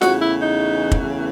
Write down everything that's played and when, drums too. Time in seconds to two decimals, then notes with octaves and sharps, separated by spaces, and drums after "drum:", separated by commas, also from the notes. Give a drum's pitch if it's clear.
0.01 E2 C#3 E3 A3 F#4, drum: snare F4
0.22 E4
0.42 D#4
0.92 drum: kick